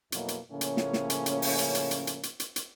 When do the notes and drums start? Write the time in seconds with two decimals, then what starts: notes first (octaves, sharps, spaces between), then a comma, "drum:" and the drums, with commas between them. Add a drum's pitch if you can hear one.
0.12 F2 B2 F#3 A#3 B3 E4, drum: hi-hat
0.28 drum: hi-hat
0.51 A2 C#3 F3 A#3 C#4
0.61 drum: hi-hat
0.77 drum: snare
0.93 drum: snare
1.10 drum: hi-hat
1.26 drum: hi-hat
1.42 drum: open hi-hat
1.58 drum: hi-hat
1.75 drum: hi-hat
1.91 drum: hi-hat
2.07 drum: hi-hat
2.23 drum: hi-hat
2.40 drum: hi-hat
2.56 drum: hi-hat